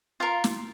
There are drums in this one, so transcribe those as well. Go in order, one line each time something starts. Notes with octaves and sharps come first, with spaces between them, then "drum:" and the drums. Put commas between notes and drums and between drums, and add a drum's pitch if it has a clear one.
F4 A#4 F5
drum: snare